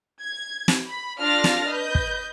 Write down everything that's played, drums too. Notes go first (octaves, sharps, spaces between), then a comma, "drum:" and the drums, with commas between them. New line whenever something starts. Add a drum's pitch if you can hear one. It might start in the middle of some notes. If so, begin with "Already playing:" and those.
G#6
drum: snare
B5
D4 F4 A4 F6 A6 A#6
drum: snare
B4 D#5 G6
drum: kick